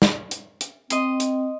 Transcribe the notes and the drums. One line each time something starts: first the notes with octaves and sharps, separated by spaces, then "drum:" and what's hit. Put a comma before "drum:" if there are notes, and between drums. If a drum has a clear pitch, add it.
drum: snare
drum: hi-hat
drum: hi-hat
C4 D#5 C6, drum: hi-hat
drum: hi-hat